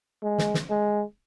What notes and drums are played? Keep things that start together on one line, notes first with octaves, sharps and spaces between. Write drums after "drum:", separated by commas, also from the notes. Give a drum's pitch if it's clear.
G#3
drum: snare
drum: snare
G#3